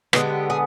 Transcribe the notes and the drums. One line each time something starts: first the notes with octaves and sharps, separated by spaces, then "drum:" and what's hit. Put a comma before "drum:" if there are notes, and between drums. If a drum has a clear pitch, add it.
D3 G#3 B3 G4, drum: rim click
G#4